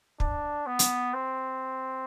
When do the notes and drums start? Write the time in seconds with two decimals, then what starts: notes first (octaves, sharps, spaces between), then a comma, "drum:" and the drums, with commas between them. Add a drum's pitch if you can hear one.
0.20 D4, drum: kick
0.66 B3
0.79 drum: hi-hat
1.13 C4